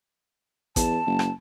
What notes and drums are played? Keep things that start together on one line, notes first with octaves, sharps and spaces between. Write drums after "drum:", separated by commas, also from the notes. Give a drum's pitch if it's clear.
E2 A5, drum: kick A1, hi-hat
F#1
drum: rim click